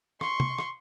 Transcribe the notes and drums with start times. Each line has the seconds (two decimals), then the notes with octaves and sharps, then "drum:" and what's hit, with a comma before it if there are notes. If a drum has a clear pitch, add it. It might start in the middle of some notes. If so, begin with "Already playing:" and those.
0.21 C6 C#6, drum: rim click
0.40 drum: tom
0.58 drum: rim click